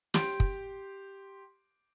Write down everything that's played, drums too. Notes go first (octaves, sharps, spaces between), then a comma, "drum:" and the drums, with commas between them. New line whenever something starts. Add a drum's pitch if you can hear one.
G4 C6 D7, drum: snare
drum: kick